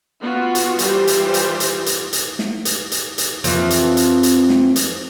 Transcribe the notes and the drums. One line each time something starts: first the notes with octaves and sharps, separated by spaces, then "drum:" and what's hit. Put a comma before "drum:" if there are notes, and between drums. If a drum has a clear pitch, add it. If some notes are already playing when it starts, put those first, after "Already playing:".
B3 F4 F#4
drum: hi-hat
E3 G3 F4 G4 C5, drum: hi-hat
drum: hi-hat
drum: hi-hat
drum: hi-hat
drum: hi-hat
drum: hi-hat
drum: snare
drum: hi-hat
drum: hi-hat
drum: hi-hat
F2 E3, drum: hi-hat
drum: hi-hat
drum: hi-hat
drum: hi-hat
drum: snare
drum: hi-hat